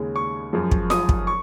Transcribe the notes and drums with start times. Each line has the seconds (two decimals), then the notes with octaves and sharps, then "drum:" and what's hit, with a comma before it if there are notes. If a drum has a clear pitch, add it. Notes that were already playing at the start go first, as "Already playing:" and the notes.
Already playing: D#2 C#3 G#3
0.16 C#6
0.53 F#2 F3 G#3
0.71 drum: kick
0.90 D#6, drum: snare F4
1.09 drum: kick
1.27 C#6